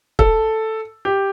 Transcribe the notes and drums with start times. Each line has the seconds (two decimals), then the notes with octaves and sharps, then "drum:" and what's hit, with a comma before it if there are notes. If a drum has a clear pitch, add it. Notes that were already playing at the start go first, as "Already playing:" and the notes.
0.19 A4, drum: kick
1.05 G4